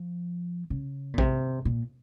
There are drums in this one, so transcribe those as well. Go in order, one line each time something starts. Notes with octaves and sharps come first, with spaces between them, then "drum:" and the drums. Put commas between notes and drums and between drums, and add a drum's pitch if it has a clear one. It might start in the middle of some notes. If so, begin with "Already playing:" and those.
Already playing: F3
C#3
A#2
C3, drum: kick A#1
A#2